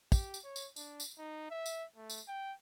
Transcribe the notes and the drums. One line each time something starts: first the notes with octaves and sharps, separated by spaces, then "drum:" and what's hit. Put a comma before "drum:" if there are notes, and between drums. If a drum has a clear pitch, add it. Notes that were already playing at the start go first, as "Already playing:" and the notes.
G4, drum: kick, tambourine
drum: tambourine
C#5
drum: tambourine
D4, drum: tambourine
drum: tambourine
D#4
E5
drum: tambourine
A3
drum: tambourine
G5